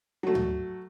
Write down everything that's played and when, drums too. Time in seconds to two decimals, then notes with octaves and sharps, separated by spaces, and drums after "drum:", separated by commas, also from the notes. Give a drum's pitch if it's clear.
0.23 F#3 A3
0.35 drum: tom